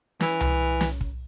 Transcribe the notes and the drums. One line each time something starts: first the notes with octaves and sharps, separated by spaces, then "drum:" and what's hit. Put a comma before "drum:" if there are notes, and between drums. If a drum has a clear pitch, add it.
E3, drum: snare
drum: tom C2
drum: snare
drum: kick